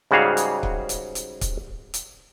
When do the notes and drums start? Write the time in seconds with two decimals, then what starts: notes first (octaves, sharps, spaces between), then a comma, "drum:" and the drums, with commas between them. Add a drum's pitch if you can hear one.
0.11 G#2 C#3 G3 F#4 G#4 F5
0.37 drum: hi-hat
0.63 drum: kick C#1
0.89 drum: hi-hat
1.15 drum: hi-hat
1.41 drum: kick C#1, hi-hat
1.94 drum: hi-hat